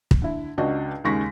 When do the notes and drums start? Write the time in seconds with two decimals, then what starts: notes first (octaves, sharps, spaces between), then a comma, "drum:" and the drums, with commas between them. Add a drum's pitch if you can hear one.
0.11 drum: kick
0.22 D3 E4
0.58 C#2 D4 F#4 D#5
1.04 D#2 C#3 G#3 C#6 A#6 B6